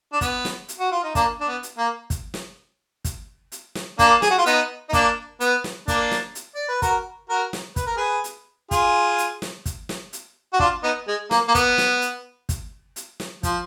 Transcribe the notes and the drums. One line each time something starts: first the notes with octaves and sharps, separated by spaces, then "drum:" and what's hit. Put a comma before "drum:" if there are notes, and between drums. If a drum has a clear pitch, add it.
D4
B3, drum: kick, hi-hat
drum: snare
drum: hi-hat
F#4
F4
D#4
A#3 D4, drum: kick, hi-hat
D4
B3
drum: hi-hat
A#3
drum: kick, hi-hat
drum: snare
drum: kick, hi-hat
drum: hi-hat
drum: snare
A#3 D4, drum: kick, hi-hat
G#4, drum: snare
F#4
F4
B3 D#4, drum: hi-hat
D#4
A#3 D4, drum: kick, hi-hat
B3, drum: hi-hat
drum: snare
A#3 D4, drum: kick, hi-hat
drum: snare
drum: hi-hat
D5
B4
F#4 A#4, drum: kick, hi-hat
F#4 A#4
drum: snare
B4, drum: kick, hi-hat
A#4
G#4 B4
drum: hi-hat
F4 G#4, drum: kick, hi-hat
drum: hi-hat
drum: snare
drum: kick, hi-hat
drum: snare
drum: hi-hat
F#4
D4 F4, drum: kick
B3 D#4
G#3
A#3, drum: snare
A#3
B3, drum: kick, hi-hat
drum: snare
drum: hi-hat
drum: kick, hi-hat
drum: hi-hat
drum: snare
F3, drum: kick, hi-hat